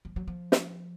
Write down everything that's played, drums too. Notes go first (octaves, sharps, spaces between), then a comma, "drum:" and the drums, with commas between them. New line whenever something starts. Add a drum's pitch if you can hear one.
F3
F#3
F3
drum: snare